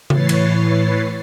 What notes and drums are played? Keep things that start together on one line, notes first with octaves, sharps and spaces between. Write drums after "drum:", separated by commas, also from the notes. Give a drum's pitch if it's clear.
A2 E3 B4 C#5 A6 C7, drum: tom C#3
drum: cymbal